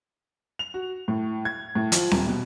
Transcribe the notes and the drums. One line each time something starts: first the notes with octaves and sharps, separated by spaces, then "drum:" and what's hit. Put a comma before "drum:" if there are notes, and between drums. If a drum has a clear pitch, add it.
F7
F#4
A2
G#6
A2
F3, drum: hi-hat
D#1, drum: snare C4
B2